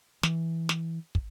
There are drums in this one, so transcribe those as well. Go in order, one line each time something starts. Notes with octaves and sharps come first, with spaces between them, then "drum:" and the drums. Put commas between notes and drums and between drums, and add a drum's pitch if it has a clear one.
E3, drum: snare
drum: snare
drum: kick